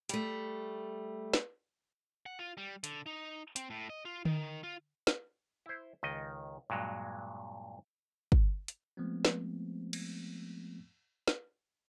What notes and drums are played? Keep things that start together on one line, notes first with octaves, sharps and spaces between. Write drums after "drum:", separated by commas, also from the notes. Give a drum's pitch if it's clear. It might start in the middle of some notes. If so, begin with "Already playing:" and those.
G3 A3, drum: hi-hat
drum: snare
F#5
F4
G3
D3, drum: hi-hat
D#4
C4, drum: hi-hat
A2
D#5
F4
D#3, drum: tom D3
F4
drum: snare
E4 C5
C#2 D#3 D#5
G2 A#2 F#3 G#3
drum: kick
drum: hi-hat
F3 G#3 A3 B3 C4
drum: snare
drum: cymbal
drum: snare